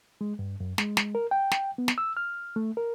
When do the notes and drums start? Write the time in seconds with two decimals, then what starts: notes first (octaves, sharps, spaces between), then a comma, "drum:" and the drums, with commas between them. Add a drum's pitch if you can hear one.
0.21 G#3
0.39 G2
0.60 F#2
0.78 G#3, drum: snare
0.97 drum: snare
1.15 A#4
1.31 G5
1.51 drum: snare
1.78 B3
1.88 drum: snare
1.98 E6
2.17 F6
2.56 A3
2.77 A#4